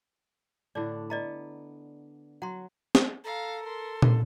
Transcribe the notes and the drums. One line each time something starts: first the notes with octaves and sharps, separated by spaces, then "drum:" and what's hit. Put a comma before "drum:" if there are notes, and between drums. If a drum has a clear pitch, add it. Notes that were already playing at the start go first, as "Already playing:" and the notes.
A2 D3 D4 D5
B3 D5 D#5 A#5
F#3 F#5 A#5 C6
drum: snare
A4 F5 A#5
A#4 C6
drum: tom